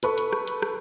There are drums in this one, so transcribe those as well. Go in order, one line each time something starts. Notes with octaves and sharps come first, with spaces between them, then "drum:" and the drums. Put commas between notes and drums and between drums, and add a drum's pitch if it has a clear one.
A4 B4 C#6, drum: hi-hat
drum: hi-hat
drum: rim click
drum: hi-hat
drum: rim click